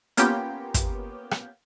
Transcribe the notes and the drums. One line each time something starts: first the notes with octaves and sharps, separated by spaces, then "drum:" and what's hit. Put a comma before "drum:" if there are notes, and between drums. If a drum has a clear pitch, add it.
A#3 B3 C#4 F4 G4 G5, drum: hi-hat
drum: kick, hi-hat
drum: rim click